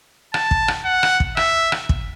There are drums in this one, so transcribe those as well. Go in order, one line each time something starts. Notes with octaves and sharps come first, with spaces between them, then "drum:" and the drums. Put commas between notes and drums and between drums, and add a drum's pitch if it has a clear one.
A5, drum: rim click
drum: kick
drum: rim click
F#5
drum: rim click
drum: kick
E5, drum: rim click
drum: rim click
drum: kick